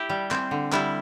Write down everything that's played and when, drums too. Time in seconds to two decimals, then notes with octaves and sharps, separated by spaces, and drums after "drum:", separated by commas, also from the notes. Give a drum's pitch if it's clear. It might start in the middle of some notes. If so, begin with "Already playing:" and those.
Already playing: E4 G4
0.10 G3
0.31 C4, drum: clap
0.51 D3
0.72 G3 E4, drum: clap